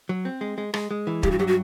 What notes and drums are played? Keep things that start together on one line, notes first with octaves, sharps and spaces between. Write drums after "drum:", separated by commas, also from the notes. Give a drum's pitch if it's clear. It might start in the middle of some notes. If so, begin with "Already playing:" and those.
F#3
C4
G#3
G#3
G#3, drum: rim click
G#3
E3
G2 G4, drum: kick
F#4
F#3 G4
F#4